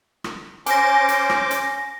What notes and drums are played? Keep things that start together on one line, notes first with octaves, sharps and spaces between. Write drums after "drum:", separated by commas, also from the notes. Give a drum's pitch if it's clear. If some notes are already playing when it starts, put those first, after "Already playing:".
drum: rim click
C#4 C5 G#5 D6 A#6, drum: hi-hat
drum: hi-hat
drum: rim click
drum: hi-hat